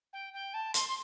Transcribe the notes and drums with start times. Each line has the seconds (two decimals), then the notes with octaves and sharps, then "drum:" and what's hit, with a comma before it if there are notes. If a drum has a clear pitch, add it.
0.13 G5
0.33 G5
0.53 A5
0.74 C6, drum: hi-hat
0.88 C6